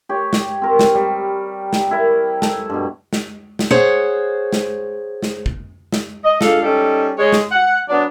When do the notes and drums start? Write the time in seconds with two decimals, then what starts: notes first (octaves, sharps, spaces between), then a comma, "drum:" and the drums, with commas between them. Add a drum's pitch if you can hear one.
0.09 G4 C#5
0.33 drum: snare
0.62 C4 A#4
0.79 drum: snare
0.95 G3
1.73 drum: snare
1.91 E4 A#4
2.42 A4, drum: snare
2.70 G2 B2
3.13 drum: snare
3.59 drum: snare
3.71 G#4 C5 C#5 F#5
4.53 drum: snare
5.23 drum: snare
5.46 drum: kick
5.92 drum: snare
6.24 D#5
6.41 G#3 D4 F4 A4 F5, drum: snare
6.62 G3 C#4 D#4 A4
7.18 G#3 C#5
7.32 drum: snare
7.52 F#5
7.89 F#3 B3 D4